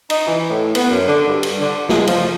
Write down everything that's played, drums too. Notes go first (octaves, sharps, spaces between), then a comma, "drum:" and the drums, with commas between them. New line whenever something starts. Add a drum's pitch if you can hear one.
D#4, drum: cymbal
E3
A2
B3, drum: cymbal
F#2
D3
G2
drum: cymbal
D3
G#3, drum: snare
F3, drum: cymbal